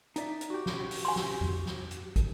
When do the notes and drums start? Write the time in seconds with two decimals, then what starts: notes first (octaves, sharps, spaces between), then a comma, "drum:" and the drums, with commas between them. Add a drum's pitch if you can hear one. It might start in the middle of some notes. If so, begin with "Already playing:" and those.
0.16 D#4 D5 E5, drum: hi-hat
0.41 drum: hi-hat
0.50 F#4 G4
0.66 drum: snare
0.91 drum: open hi-hat
1.05 G#5 C6
1.16 drum: snare
1.41 drum: tom F2
1.66 drum: snare
1.91 drum: hi-hat
2.16 drum: kick, hi-hat